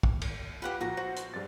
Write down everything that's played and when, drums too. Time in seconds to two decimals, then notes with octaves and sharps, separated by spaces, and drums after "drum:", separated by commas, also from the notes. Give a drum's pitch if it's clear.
0.03 drum: kick
0.21 drum: cymbal
0.62 F4 G4 B4 F#5 B5
0.81 A#2 F3 F#4 F#5 A#5
0.97 F#4 C5
1.16 drum: hi-hat
1.34 G2 D4 A6